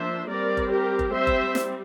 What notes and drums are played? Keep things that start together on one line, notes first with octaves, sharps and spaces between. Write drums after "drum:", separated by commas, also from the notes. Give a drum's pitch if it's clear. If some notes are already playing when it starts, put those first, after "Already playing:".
Already playing: F3 A#3 D4 C5 E5
G3 C4 A#4 D5
drum: kick F#1
G4 A#4
drum: kick F#1
G3 C4 C5 E5
drum: kick F#1
drum: snare